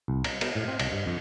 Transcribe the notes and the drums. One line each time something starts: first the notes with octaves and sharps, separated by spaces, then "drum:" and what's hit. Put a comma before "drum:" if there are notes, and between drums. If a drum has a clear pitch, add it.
C2
A#5, drum: cymbal
B3, drum: cymbal
A2
C4
C2, drum: cymbal
G2
F2